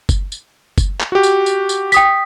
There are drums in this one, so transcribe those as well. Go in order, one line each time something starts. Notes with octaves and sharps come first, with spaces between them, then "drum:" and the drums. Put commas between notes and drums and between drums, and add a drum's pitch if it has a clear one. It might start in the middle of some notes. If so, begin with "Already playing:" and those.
drum: kick F#1, tambourine
drum: tambourine
drum: kick F#1, tambourine
drum: clap
F#4 G4
drum: tambourine
drum: tambourine
drum: tambourine
G5 D#6 B6, drum: tambourine